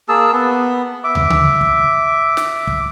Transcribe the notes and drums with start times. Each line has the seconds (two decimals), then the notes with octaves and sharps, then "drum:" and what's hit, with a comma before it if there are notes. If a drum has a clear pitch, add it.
0.09 A#3 G#4 A5 E6
0.33 B3
1.04 E5 D6
1.15 drum: tom
1.30 drum: tom C#3
1.61 drum: kick
2.37 drum: snare
2.67 drum: kick